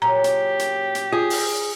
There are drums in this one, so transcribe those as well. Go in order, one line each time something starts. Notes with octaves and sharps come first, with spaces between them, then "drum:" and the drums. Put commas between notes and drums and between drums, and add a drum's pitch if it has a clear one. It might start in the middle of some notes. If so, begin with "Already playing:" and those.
A#2 C#3 F#3 G4 A#5
drum: hi-hat
drum: hi-hat
drum: hi-hat
F4 G#4
drum: open hi-hat